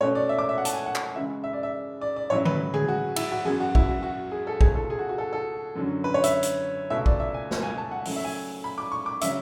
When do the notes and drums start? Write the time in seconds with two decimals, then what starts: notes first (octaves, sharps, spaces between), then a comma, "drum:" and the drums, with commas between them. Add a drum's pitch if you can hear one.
0.01 B2 A3 C#4 C#5
0.15 D5
0.29 E5
0.39 D6
0.49 E5
0.58 F#5
0.65 A5, drum: hi-hat
0.73 G#5
0.86 F#5
0.95 drum: clap
1.16 C#3 E3 G#3 E5
1.44 E5
1.53 D5
1.63 E5
2.01 D5
2.16 D5
2.30 A2 F#3 C#4 E4 C#5
2.45 B4, drum: tom D3
2.74 G#4, drum: tom D3
2.88 F#4
3.16 E4, drum: cymbal
3.32 F#4
3.45 F#2 E3 B3 G#4
3.60 F#4
3.75 E4, drum: kick
3.89 F#4
4.03 F#4
4.32 G#4
4.47 A4
4.61 C#2 B2 A3 G#4, drum: kick
4.75 A4
4.90 G#4
4.99 F#4
5.09 F#4
5.18 A4
5.33 A4
5.76 F#2 D3 F#3
6.04 B4
6.14 C#5
6.24 E5, drum: hi-hat
6.43 drum: hi-hat
6.90 C#2 B2 A3 E4 E5
7.06 D5, drum: kick
7.20 E5
7.34 G#5
7.51 drum: snare
7.63 G#5
7.78 A5
7.91 F#5
8.05 C#3 F#3 A3 E4, drum: open hi-hat
8.16 E5
8.24 G#5
8.64 B5
8.78 D6
8.92 C#6
9.06 D6
9.21 C#3 F#3 C#4 E5, drum: hi-hat